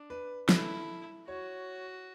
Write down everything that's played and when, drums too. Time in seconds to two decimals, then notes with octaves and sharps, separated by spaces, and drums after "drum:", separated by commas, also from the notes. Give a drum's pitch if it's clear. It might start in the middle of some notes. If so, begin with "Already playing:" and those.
Already playing: D4
0.10 B4
0.49 E4 A4, drum: snare
1.27 F#4 C#5